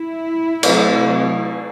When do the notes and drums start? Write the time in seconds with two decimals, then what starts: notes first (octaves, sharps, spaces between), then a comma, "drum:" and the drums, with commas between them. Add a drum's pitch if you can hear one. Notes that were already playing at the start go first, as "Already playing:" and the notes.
Already playing: E4
0.63 C3 F#3 A3 C4, drum: cymbal